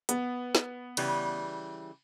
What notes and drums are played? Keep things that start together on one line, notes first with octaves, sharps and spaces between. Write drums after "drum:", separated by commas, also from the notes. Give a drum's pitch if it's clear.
B3, drum: hi-hat
drum: snare
C#3 E3 G3, drum: cymbal